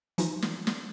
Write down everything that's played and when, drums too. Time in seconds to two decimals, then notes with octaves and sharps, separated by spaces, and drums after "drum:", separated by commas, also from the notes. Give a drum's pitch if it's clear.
0.18 E3 F3 D#4 F4, drum: hi-hat
0.42 drum: snare
0.67 drum: snare